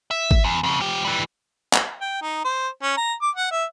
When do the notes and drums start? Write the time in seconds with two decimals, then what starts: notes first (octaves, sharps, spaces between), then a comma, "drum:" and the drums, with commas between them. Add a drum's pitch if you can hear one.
0.11 E5
0.31 drum: kick
0.44 E2
0.63 F2 C#3
0.80 F3 G4
1.05 E3 G3
1.73 drum: clap
2.01 G5
2.21 D#4
2.45 C5
2.82 C#4
2.97 A#5
3.22 D6
3.35 F#5
3.51 E5